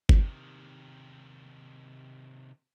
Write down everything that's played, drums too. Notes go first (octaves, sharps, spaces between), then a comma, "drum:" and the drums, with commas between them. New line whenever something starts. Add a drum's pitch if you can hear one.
C3 D#3, drum: kick G1